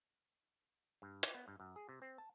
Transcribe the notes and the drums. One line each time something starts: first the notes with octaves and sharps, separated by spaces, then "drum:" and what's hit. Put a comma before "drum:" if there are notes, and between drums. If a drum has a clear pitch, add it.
G2
D5, drum: hi-hat
B3
G2
F#2
G#4
C3
C4
A5